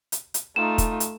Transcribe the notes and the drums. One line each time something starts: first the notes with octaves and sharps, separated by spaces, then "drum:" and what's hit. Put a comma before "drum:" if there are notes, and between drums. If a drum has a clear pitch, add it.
drum: hi-hat
drum: hi-hat
A3 D#4 F4 E7
drum: kick, hi-hat
drum: hi-hat